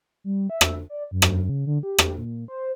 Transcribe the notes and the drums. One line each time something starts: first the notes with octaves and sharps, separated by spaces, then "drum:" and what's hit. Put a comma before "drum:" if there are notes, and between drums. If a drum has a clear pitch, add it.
G3
E5
drum: rim click
D5
F#2
drum: rim click
C#3
D3
G4
drum: rim click
A#2
C5